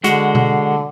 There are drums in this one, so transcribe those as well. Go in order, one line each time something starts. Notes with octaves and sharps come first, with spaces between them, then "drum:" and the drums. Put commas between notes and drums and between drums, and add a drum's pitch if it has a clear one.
D3 G#3 F#4, drum: hi-hat
drum: tom B2